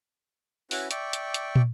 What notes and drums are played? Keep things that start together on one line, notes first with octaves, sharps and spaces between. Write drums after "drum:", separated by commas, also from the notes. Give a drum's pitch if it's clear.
C#4 E4 F#4 B4, drum: open hi-hat
D5 E5 G5 C#6 D6, drum: hi-hat
drum: hi-hat
drum: hi-hat
drum: tom